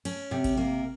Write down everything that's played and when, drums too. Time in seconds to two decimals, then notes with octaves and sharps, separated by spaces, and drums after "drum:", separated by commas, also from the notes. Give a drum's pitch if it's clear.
0.05 C#4, drum: cymbal
0.31 C3
0.44 drum: kick G#1, cymbal
0.57 A#3